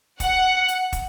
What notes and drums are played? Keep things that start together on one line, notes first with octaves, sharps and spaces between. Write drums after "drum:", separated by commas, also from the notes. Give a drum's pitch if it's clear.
F#5, drum: kick, hi-hat
drum: hi-hat
drum: kick, hi-hat